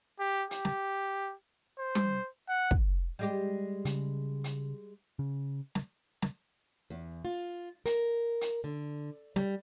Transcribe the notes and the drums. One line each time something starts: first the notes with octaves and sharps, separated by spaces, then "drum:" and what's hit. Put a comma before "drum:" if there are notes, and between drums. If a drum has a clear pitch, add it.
G4
G4, drum: hi-hat
drum: snare
C5
drum: tom G3
F#5
drum: kick
G3 G#3 G4
C#3, drum: hi-hat
drum: hi-hat
C#3
drum: snare
drum: snare
E2
F4
A#4, drum: hi-hat
drum: hi-hat
D3
G3, drum: snare